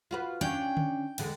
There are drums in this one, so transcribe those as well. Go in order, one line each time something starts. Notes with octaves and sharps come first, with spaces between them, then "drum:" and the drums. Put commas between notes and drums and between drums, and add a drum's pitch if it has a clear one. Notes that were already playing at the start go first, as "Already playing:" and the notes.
F4 F#4 B4
C#4 D4 F5 G5
drum: tom D3
E2 D3 G#3, drum: cymbal